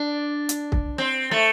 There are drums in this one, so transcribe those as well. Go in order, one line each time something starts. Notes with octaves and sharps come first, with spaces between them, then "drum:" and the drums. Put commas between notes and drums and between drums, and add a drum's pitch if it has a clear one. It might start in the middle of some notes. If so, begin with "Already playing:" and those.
Already playing: D4
drum: hi-hat
drum: kick
C4
A3